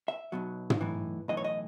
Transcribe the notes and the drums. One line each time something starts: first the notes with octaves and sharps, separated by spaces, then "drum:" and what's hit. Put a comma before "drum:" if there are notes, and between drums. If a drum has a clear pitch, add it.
E5
B1 B2 F#3
drum: tom
B1 A2 E3
B1 A2 E3 D#5
C#5
D#5